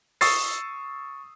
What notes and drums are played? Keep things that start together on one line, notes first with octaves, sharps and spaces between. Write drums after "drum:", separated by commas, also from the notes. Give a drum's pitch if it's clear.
C#6 D#6 E6 A6 C7, drum: open hi-hat